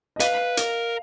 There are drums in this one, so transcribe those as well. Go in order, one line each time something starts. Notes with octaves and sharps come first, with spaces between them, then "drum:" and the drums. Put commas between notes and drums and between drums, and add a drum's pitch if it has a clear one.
D#5
B4 F5, drum: hi-hat
A#4, drum: hi-hat